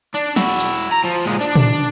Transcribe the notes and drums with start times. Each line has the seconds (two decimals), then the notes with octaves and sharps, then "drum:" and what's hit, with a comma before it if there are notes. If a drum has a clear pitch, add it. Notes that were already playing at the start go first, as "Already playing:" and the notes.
0.14 D4
0.36 E4 F#4, drum: snare
0.60 drum: hi-hat
0.91 A#5
1.04 F3
1.25 A#2 G#3
1.40 D4
1.56 drum: tom